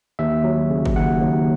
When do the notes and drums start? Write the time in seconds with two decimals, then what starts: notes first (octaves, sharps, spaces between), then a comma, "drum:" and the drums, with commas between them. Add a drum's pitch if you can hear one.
0.19 D#2 E5
0.44 F#3
0.70 C#3
0.86 drum: kick
0.96 D#2 F#5
1.21 D#2